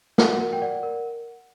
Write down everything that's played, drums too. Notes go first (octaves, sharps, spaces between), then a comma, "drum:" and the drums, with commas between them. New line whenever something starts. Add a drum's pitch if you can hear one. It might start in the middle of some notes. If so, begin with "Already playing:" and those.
F#4 F#5, drum: snare
A#4
G5
D5 F#5
A#4